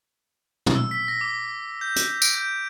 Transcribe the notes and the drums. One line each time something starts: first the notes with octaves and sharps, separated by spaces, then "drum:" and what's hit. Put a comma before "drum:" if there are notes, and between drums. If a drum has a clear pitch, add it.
drum: tom
E6
B6
A#6
D6
G6
drum: hi-hat
D7, drum: tambourine
G6